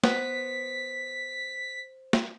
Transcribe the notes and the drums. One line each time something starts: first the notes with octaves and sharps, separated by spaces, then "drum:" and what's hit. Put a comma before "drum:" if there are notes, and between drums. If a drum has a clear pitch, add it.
B3 C5 B6, drum: snare
drum: snare